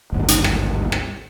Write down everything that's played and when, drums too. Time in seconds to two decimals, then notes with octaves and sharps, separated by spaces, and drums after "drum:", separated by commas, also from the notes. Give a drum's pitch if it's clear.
0.12 G#1 D2 G2
0.28 drum: hi-hat
0.44 drum: rim click
0.92 drum: rim click